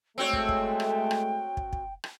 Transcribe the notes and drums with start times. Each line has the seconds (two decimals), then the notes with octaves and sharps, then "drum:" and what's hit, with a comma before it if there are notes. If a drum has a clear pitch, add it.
0.18 G#3 A3 C4 F#4 C#5 G5
0.33 drum: kick
0.49 drum: kick
0.80 drum: rim click
1.11 drum: rim click
1.57 drum: kick
1.73 drum: kick
2.04 drum: rim click